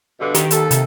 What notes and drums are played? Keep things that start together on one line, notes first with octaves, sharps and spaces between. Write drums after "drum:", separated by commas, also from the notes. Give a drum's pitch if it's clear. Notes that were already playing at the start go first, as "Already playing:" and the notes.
G2 B2 D3
D#3 G4, drum: hi-hat
D#2 A4, drum: hi-hat
C3, drum: hi-hat